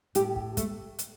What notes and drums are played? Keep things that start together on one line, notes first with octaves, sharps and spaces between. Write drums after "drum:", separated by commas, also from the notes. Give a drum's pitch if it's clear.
A2 G4, drum: hi-hat
drum: kick
A3, drum: kick, hi-hat
drum: hi-hat